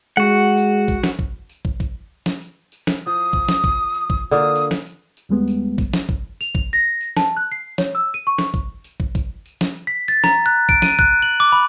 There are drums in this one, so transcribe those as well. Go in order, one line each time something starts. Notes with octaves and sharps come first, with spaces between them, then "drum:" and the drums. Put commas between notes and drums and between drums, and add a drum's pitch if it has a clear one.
G#3 F#4 F#5
drum: tambourine
drum: kick, tambourine
drum: snare
drum: kick
drum: tambourine
drum: kick
drum: kick, tambourine
drum: snare
drum: tambourine
drum: tambourine
drum: snare
F3 D#6
drum: kick
drum: snare
drum: kick, tambourine
drum: tambourine
drum: kick
D3 A#3 F4 D#6
drum: tambourine
drum: snare
drum: tambourine
drum: tambourine
D#2 G3 G#3 B3
drum: tambourine
drum: kick, tambourine
drum: snare
drum: kick
F7, drum: tambourine
drum: kick
A#6
drum: tambourine
A5, drum: snare
F#6
C7
C#5, drum: snare
E6
D#7
C#6
drum: snare
drum: kick, tambourine
drum: tambourine
drum: kick
drum: kick, tambourine
drum: tambourine
drum: snare
drum: tambourine
B6
A6, drum: tambourine
A#5, drum: snare
F#6
D7, drum: kick, tambourine
D#7, drum: snare
F#6, drum: kick, tambourine
F#7
D6
B5